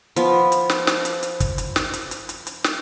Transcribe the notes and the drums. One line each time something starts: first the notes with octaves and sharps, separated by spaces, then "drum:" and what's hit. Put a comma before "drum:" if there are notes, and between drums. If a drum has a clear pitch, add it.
F3 B3, drum: hi-hat
drum: hi-hat
drum: snare
drum: snare
drum: hi-hat
drum: hi-hat
drum: kick, hi-hat
drum: hi-hat
drum: snare
drum: hi-hat
drum: hi-hat
drum: hi-hat
drum: hi-hat
drum: snare